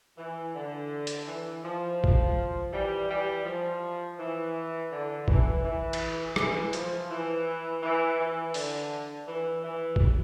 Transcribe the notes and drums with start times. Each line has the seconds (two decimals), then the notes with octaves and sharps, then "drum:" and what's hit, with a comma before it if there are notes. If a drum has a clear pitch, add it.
0.17 E3
0.54 D3
1.07 drum: hi-hat
1.27 E3
1.63 F3
2.04 drum: kick A1
2.72 E3 G3
3.08 E3 G3
3.44 F3
4.18 E3
4.91 D3
5.28 E3, drum: kick A1
5.63 E3
5.93 drum: cymbal
6.36 E3, drum: rim click
6.73 F3, drum: hi-hat
7.09 E3
7.83 E3
8.19 E3
8.54 D3, drum: open hi-hat
9.27 E3
9.64 E3
9.96 drum: kick A1